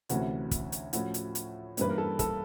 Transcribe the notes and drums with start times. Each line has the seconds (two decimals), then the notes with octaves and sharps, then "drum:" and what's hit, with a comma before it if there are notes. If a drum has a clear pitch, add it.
0.09 D2 C3 E3 A3 C#4 F#4, drum: hi-hat
0.51 drum: kick, hi-hat
0.72 drum: hi-hat
0.93 A2 F3 A3 C#4 F#4, drum: hi-hat
1.14 drum: hi-hat
1.35 drum: hi-hat
1.77 G2 E3 G3 A#3 C#4 B4, drum: hi-hat
1.89 A#4
1.98 A4
2.19 A4, drum: kick, hi-hat